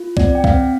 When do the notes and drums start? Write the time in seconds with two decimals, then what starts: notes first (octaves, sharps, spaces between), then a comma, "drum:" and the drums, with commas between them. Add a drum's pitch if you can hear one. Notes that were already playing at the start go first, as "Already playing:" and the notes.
Already playing: F4
0.17 C4 D5, drum: kick C2
0.35 G5
0.44 C4 F5, drum: kick C2